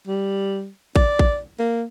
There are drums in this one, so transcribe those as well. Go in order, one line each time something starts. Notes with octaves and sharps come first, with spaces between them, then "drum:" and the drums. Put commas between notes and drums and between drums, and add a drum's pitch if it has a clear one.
G3
D5, drum: kick A1
drum: kick A1
A#3